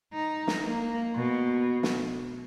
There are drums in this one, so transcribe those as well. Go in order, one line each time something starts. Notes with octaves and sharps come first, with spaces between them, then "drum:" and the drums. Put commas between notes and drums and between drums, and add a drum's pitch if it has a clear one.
D#4
drum: snare
A#3
B2
drum: snare